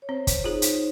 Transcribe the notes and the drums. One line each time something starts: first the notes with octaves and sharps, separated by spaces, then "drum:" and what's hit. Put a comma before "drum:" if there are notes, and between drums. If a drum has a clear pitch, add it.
C#5
C4 C5
C5, drum: kick, hi-hat
D#4 F4 G#4
D#4, drum: hi-hat